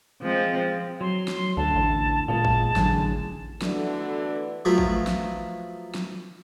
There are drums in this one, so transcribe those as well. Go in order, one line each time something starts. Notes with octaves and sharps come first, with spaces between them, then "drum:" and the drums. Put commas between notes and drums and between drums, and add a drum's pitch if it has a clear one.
F3 G#3 C4
F#3 C6
drum: snare
D2 D3 A5
A1
A#2 G#3 B3 F4 A5
drum: kick A1
A1 F#2 D3 G#4, drum: snare
D3 E3 A3 B3 D4 F#4, drum: snare
F3 F#3 A3 B3
drum: kick A1
drum: snare
drum: snare